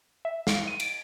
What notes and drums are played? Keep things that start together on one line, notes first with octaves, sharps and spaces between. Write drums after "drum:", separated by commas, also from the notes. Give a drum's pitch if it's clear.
E5
F5, drum: snare
D#7
D7, drum: cymbal